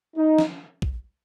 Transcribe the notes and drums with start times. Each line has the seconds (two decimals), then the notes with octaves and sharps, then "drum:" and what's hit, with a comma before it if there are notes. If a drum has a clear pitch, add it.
0.16 D#4
0.39 drum: snare
0.82 drum: kick